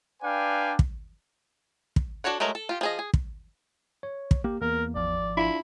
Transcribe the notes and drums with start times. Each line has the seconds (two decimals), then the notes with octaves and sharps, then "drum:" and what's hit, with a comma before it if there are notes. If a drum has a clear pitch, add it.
0.23 D4 B4 D5 F5 G5 G#5
0.79 drum: kick
1.96 drum: kick
2.24 D4 F#4 A4 C#5 F#5
2.40 F#3 G#3 A3 A#4
2.55 A4
2.69 F4 G4
2.81 F3 G#4 D#5
2.99 G#4
3.14 drum: kick
4.03 C#5
4.31 drum: kick
4.44 A#3 G4
4.62 E2 A#3 A#4
4.95 G#1 F3 D5
5.37 D4 E4 F4